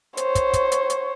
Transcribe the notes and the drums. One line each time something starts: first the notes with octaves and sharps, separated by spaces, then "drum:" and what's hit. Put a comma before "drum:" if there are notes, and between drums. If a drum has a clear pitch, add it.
C5 C#5, drum: hi-hat
drum: kick, hi-hat
drum: kick, hi-hat
drum: hi-hat
drum: hi-hat